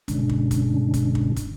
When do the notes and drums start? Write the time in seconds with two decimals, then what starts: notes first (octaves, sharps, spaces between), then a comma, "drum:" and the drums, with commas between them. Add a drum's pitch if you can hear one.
0.08 G2 B2 D3 G#3 C#4 D4, drum: kick, hi-hat
0.29 drum: kick
0.51 drum: kick, hi-hat
0.94 drum: kick, hi-hat
1.15 drum: kick
1.36 drum: kick, hi-hat